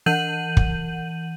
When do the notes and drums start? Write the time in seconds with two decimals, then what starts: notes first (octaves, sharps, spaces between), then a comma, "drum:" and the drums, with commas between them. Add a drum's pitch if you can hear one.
0.06 E3 F#5 G6 D#7 F#7
0.57 drum: kick